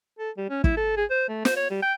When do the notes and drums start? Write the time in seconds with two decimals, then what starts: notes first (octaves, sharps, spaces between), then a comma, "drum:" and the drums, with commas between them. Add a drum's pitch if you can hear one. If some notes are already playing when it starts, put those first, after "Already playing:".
0.19 A4
0.37 G3
0.50 C#4
0.64 E4, drum: kick
0.77 A4
0.97 G#4
1.10 C5
1.29 A3
1.45 C5, drum: snare
1.57 C#5
1.70 G3
1.82 G5